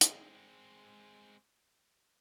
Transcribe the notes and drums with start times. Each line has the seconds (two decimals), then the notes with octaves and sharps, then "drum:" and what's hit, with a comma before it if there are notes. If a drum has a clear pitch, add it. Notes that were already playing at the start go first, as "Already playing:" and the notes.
0.01 G#3 C4, drum: hi-hat